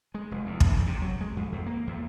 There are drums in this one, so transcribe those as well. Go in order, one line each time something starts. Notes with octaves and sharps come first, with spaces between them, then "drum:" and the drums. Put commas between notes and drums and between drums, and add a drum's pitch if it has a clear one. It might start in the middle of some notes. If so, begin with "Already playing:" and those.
G#3
F1
E2
A#1, drum: kick
G#2
C3
F#3
G#3
F2
E2
A#3
E2